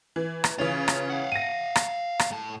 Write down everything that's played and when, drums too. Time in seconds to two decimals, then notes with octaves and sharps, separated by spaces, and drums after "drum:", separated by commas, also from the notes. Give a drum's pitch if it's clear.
0.16 E3
0.44 drum: rim click
0.59 C#3 E3 C#4 F4
0.88 drum: rim click
1.10 F5 F#5
1.32 A#6 D#7
1.76 drum: rim click
2.19 drum: rim click
2.31 A2 A5